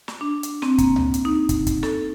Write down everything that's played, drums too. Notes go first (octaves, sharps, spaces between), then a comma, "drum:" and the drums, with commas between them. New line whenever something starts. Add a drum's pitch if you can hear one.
drum: snare
D4
drum: hi-hat
C4, drum: snare
A#3, drum: kick, hi-hat
drum: tom C#2
drum: hi-hat
D#4
drum: kick, hi-hat
drum: kick, hi-hat
A4, drum: snare